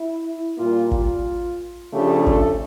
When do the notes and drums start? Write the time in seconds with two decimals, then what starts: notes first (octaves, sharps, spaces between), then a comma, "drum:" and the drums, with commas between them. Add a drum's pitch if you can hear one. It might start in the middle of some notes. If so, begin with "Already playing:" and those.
Already playing: E4
0.57 A#2 G3 A#3 F4
0.91 F4, drum: kick
1.92 C#3 F3 A3 D4 G4
2.26 A4, drum: kick